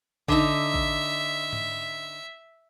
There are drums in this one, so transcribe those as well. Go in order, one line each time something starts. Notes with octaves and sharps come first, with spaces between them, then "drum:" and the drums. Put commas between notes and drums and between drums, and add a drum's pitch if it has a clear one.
D3 D#4 E5, drum: kick A1
drum: kick A1
drum: tom G#2